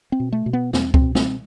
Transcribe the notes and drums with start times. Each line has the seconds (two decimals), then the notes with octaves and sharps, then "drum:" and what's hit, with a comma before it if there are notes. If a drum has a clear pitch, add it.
0.12 C4
0.20 B2
0.32 A3
0.46 B2
0.53 B3
0.73 E2 C4, drum: snare
0.94 C4, drum: kick C#2
1.01 B2
1.15 C4, drum: snare